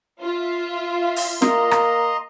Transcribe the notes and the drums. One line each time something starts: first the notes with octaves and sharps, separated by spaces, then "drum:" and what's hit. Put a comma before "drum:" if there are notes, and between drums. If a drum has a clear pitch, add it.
F4 E5
drum: open hi-hat
A#3 D#5 A#5 C6, drum: snare
drum: rim click